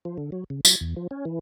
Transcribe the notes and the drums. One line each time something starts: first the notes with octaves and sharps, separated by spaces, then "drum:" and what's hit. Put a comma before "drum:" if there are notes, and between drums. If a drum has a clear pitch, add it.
F3
D3
F#3
C#3
F#3, drum: tambourine
E2
F3
C#4
E3